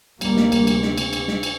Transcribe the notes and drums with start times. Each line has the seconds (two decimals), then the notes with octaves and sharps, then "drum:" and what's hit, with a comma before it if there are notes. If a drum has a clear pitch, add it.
0.21 D2 C3 G3 A#3, drum: cymbal
0.37 drum: snare
0.52 drum: cymbal
0.67 drum: cymbal
0.82 drum: snare
0.98 drum: cymbal
1.13 drum: cymbal
1.28 drum: snare
1.43 drum: cymbal